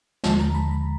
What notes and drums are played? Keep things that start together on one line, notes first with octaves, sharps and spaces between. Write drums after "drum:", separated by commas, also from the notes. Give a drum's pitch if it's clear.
D#2 D3 F3 G#3 A5, drum: snare
A#5
B5
B5